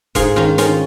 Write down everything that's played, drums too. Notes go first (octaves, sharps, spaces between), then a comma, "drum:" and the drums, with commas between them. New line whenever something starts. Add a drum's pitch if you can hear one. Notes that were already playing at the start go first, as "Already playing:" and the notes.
G#2 F4 G#4, drum: kick E1, hi-hat
D#3 C#4 F4
D#3 C#4 F4, drum: hi-hat